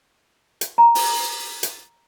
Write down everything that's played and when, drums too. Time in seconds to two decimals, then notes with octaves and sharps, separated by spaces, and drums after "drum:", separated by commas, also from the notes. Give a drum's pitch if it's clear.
0.61 drum: hi-hat
0.78 A#5
0.95 drum: open hi-hat
1.63 drum: hi-hat